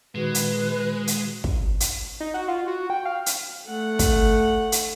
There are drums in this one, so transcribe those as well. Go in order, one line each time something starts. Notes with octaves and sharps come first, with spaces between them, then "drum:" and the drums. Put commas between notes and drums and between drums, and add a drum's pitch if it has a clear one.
A#2 D#3 G#3 F#4 B4
drum: hi-hat
drum: hi-hat
drum: kick
drum: hi-hat
D#4
F#4
F4
F#4
G5
F5
drum: hi-hat
A3 F#5
drum: kick, hi-hat
drum: hi-hat